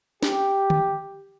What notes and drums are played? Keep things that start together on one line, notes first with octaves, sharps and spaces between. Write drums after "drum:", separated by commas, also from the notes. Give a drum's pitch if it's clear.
G4, drum: snare
drum: tom